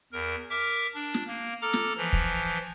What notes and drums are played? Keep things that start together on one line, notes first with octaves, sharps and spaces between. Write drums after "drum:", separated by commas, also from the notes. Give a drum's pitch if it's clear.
E2 A#4
A#4 E5 D6 F6
D4
drum: snare
A#3
A4 A#5 D6 F6
drum: snare
E3 F3
drum: kick